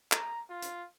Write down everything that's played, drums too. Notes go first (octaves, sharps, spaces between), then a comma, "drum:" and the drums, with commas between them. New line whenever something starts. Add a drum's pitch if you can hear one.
A#5, drum: clap
F4
drum: hi-hat